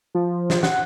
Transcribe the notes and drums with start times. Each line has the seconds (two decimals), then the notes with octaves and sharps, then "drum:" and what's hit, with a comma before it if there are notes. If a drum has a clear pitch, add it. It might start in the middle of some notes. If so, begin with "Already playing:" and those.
0.15 F3
0.50 drum: snare
0.63 F#5, drum: snare